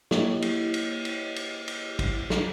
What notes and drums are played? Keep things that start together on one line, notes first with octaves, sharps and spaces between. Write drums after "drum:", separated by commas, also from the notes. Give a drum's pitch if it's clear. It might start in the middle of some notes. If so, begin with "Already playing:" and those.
A#3 E4 G4 C#5 D#5, drum: snare
drum: cymbal
drum: cymbal
drum: cymbal
drum: cymbal
drum: cymbal
drum: kick, cymbal
drum: snare